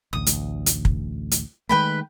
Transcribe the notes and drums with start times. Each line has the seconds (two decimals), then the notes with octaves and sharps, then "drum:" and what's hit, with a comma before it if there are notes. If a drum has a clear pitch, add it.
0.13 A1 D2 D#6
0.26 drum: hi-hat
0.66 drum: hi-hat
0.85 drum: kick
1.31 drum: hi-hat
1.69 D#3 G#3 A3 B4 G5 B5